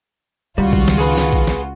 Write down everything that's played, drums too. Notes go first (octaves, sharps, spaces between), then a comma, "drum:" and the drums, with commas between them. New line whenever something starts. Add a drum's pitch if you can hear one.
C#2 D#3 G3 F4 F#4
drum: kick A#1
drum: snare
G#4 B4
drum: snare
drum: kick A#1
drum: snare